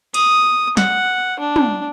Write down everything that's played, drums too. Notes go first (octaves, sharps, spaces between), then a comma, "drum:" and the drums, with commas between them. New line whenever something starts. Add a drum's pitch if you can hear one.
D#6, drum: cymbal
F#5, drum: snare
D4
drum: tom